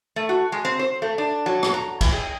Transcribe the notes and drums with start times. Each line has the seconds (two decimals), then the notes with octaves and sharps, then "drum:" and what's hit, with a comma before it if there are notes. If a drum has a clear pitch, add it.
0.16 A3
0.29 F#4
0.52 G#3
0.65 C4
0.79 C5
1.02 A3
1.18 D4
1.46 F#3
1.63 drum: rim click
1.74 A#5
2.01 E3, drum: kick, cymbal
2.12 G#4